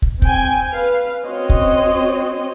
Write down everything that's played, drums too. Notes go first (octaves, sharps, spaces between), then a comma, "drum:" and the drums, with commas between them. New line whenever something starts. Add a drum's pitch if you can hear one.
drum: kick
C4 G5 G#5, drum: kick
B4 F5
C4 C#4 F#4 C5 C#5 D#5
drum: kick